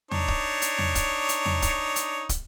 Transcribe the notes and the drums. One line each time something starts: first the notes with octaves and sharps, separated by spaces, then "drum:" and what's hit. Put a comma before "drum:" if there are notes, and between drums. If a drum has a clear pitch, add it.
D4 D#4 C#5, drum: tom E2
drum: kick
drum: hi-hat
drum: tom E2
drum: kick, hi-hat
drum: hi-hat
drum: tom E2
drum: kick, hi-hat
drum: hi-hat
drum: kick, hi-hat